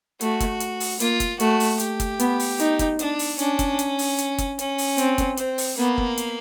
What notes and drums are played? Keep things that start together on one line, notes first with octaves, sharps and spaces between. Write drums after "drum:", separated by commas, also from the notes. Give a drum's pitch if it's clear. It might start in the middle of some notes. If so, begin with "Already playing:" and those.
A3 F#4, drum: hi-hat
drum: kick, hi-hat
drum: hi-hat
drum: open hi-hat
A#3 F4, drum: hi-hat
drum: kick, hi-hat
A3 F#4, drum: hi-hat
drum: open hi-hat
G4, drum: hi-hat
drum: kick, hi-hat
B3, drum: hi-hat
drum: open hi-hat
D#4, drum: hi-hat
drum: kick, hi-hat
D4, drum: hi-hat
drum: open hi-hat
C#4 D4, drum: hi-hat
drum: kick, hi-hat
drum: hi-hat
drum: open hi-hat
drum: hi-hat
drum: kick, hi-hat
C#4, drum: hi-hat
drum: open hi-hat
C4, drum: hi-hat
drum: kick, hi-hat
C4, drum: hi-hat
drum: open hi-hat
A#3 B3
drum: kick
drum: hi-hat